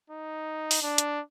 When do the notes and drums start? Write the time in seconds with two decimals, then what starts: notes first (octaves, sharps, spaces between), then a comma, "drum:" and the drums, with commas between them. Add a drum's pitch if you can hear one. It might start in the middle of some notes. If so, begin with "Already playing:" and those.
0.10 D#4
0.71 drum: open hi-hat
0.82 D4
0.98 drum: hi-hat